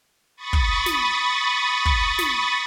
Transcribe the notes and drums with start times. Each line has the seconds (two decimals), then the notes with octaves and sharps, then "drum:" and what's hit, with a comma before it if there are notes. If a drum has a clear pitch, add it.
0.36 B5 C#6 D#6 A6
0.53 drum: kick
0.86 drum: snare
1.85 drum: kick
2.19 drum: snare